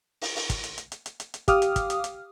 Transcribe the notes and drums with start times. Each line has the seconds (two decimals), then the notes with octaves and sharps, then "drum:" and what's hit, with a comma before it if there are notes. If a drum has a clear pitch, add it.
0.22 drum: open hi-hat
0.36 drum: open hi-hat
0.50 drum: kick, hi-hat
0.64 drum: hi-hat
0.78 drum: hi-hat
0.92 drum: hi-hat
1.06 drum: hi-hat
1.20 drum: hi-hat
1.34 drum: hi-hat
1.48 G4 F5 D6 D#6 F6, drum: kick, hi-hat
1.62 drum: hi-hat
1.76 drum: kick, hi-hat
1.90 drum: hi-hat
2.04 drum: hi-hat